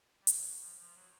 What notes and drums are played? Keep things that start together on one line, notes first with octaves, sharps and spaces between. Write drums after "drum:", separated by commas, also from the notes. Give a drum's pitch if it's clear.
G3
F#3, drum: hi-hat
F3
F3
F#3